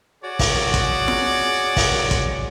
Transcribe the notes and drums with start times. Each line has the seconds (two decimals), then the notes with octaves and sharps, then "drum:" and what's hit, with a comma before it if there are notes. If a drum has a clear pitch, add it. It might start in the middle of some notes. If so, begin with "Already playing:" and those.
0.22 F#4 G#4 C#5 D5
0.39 drum: kick, open hi-hat
0.74 drum: kick, hi-hat
1.08 drum: snare
1.77 drum: kick, open hi-hat
2.11 drum: kick, hi-hat